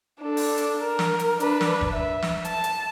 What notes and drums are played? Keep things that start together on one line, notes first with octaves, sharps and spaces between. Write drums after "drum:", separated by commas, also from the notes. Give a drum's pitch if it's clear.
D4 A4
drum: open hi-hat
drum: hi-hat
A#4
drum: snare
drum: hi-hat
D4 B4, drum: hi-hat
drum: snare
drum: kick F#1
E5
drum: snare
A5, drum: hi-hat
drum: hi-hat